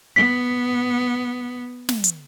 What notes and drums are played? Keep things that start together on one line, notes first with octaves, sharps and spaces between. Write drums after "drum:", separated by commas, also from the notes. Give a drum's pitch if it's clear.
B3 B6
drum: snare
drum: hi-hat